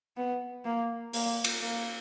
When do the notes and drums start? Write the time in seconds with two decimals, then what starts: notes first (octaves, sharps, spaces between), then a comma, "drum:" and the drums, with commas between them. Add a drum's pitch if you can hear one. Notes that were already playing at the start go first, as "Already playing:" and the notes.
0.17 B3
0.65 A#3
1.13 A#3, drum: open hi-hat
1.44 drum: cymbal
1.61 A#3